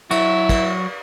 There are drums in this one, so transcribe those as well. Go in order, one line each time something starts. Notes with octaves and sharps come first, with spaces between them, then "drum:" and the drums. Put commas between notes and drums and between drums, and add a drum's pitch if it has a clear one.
F#3 E4 F#4, drum: cymbal
drum: kick, cymbal